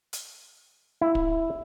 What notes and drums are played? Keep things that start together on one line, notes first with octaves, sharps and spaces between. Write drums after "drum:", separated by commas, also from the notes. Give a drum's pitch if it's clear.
drum: hi-hat
E4
drum: kick